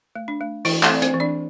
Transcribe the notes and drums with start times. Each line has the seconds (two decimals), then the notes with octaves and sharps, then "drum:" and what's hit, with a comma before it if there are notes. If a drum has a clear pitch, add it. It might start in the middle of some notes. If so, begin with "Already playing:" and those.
0.16 A3
0.28 D4
0.41 A3
0.65 E3 E4, drum: open hi-hat
0.83 A3 A4, drum: clap
0.89 C4
0.95 D5
1.02 C4 C5, drum: hi-hat
1.14 E3
1.20 D4 D5